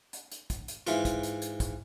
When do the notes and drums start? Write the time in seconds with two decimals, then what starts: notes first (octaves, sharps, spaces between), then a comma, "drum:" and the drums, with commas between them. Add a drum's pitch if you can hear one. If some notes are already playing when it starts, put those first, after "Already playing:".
0.13 drum: hi-hat
0.32 drum: hi-hat
0.50 drum: kick, hi-hat
0.68 drum: hi-hat
0.87 G#2 E3 F4, drum: hi-hat
1.05 drum: kick, hi-hat
1.23 drum: hi-hat
1.42 drum: hi-hat
1.60 drum: kick, hi-hat